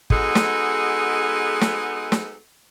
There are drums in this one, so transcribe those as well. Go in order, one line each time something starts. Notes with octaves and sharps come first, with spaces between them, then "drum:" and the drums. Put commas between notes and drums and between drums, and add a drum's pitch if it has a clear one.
G#3 B3 D#4 F#4 G#4 A4, drum: kick
drum: snare
drum: snare
drum: snare